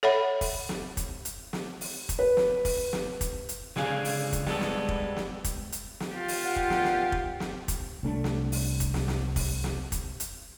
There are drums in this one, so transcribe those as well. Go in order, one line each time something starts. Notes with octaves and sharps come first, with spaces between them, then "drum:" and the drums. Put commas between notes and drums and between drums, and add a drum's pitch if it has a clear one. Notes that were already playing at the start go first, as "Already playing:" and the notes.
A4 C#5 E5 F#5 B5
drum: kick, open hi-hat
drum: snare
drum: kick, hi-hat
drum: hi-hat
drum: snare
drum: open hi-hat
drum: kick, hi-hat
B4
drum: snare
drum: kick, open hi-hat
drum: snare
drum: kick, hi-hat
drum: hi-hat
C#2 D3 G#4 F5 G#5, drum: snare
drum: open hi-hat
drum: kick, hi-hat
G3 G#3 B3 A4, drum: snare
drum: snare
drum: kick
drum: snare
drum: kick, hi-hat
drum: hi-hat
drum: snare
F4 G4
drum: open hi-hat
A#2 F#5 G5
drum: kick
drum: snare
drum: snare
drum: kick
drum: snare
drum: kick, hi-hat
C2 A3 D4
drum: snare
drum: open hi-hat
drum: kick, hi-hat
drum: snare
drum: snare
drum: kick, open hi-hat
drum: snare
drum: kick, hi-hat
drum: hi-hat